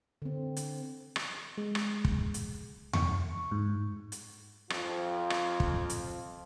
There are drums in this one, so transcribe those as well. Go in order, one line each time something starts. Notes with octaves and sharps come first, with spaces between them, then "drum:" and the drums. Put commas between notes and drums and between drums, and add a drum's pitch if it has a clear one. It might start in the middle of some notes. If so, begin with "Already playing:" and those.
D3 C4
drum: hi-hat
drum: rim click
G#3
drum: rim click
drum: kick
drum: hi-hat
C#6, drum: tom E2
G#2
drum: hi-hat
F2 F3 F4, drum: rim click
drum: rim click
drum: kick
drum: hi-hat